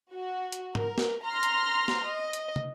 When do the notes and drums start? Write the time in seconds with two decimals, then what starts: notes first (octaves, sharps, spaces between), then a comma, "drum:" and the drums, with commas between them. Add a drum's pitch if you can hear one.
0.12 F#4
0.52 drum: hi-hat
0.75 A#4, drum: tom
0.98 drum: snare
1.24 A#5 C6 F6 A#6
1.43 drum: hi-hat
1.88 drum: snare
2.06 D#5
2.33 drum: hi-hat
2.56 drum: tom